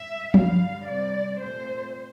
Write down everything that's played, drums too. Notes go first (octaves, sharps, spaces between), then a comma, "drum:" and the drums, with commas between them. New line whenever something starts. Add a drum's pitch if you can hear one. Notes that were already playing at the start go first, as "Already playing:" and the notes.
Already playing: E5
G2 D3 G3 F5, drum: tom F3
C3 G3 C4 D5
A#2 A3 C4 C5